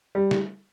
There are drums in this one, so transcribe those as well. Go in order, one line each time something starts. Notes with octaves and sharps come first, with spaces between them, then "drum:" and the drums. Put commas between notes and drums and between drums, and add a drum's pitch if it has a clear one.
G3
drum: snare